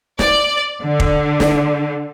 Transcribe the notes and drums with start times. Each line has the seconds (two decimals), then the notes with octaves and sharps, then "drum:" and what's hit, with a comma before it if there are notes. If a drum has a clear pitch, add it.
0.19 D5, drum: snare
0.82 D3
1.00 drum: kick
1.40 drum: snare